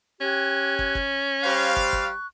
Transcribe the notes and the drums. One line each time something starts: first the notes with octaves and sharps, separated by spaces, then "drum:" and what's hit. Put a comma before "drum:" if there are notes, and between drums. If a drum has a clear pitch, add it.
C#4 G4 F#6 G#6
drum: kick
drum: kick
G3 C5 F5 C#6 F#6
drum: kick
drum: kick